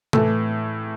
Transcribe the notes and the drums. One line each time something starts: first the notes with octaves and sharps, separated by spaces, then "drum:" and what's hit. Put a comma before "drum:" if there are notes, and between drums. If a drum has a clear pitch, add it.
A2 E3 A4, drum: tom